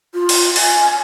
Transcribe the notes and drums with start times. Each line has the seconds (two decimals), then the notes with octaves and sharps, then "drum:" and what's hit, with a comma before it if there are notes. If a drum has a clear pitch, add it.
0.14 F4
0.29 drum: open hi-hat
0.56 G#5, drum: open hi-hat